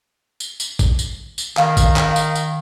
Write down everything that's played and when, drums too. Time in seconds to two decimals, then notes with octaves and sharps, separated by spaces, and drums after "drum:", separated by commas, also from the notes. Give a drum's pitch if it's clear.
0.40 drum: tambourine
0.60 drum: tambourine
0.79 drum: kick, tambourine
0.99 drum: tambourine
1.38 drum: tambourine
1.57 D#3 F5, drum: clap
1.77 drum: kick, tambourine
1.96 drum: clap
2.16 drum: tambourine
2.35 drum: tambourine